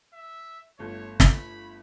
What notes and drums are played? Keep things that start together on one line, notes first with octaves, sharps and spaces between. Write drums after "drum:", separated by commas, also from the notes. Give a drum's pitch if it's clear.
E5
G1 A3 C#5
B5, drum: snare